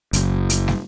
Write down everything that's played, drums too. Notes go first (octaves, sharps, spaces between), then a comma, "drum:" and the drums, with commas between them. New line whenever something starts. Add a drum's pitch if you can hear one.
F#1, drum: hi-hat
drum: hi-hat
drum: snare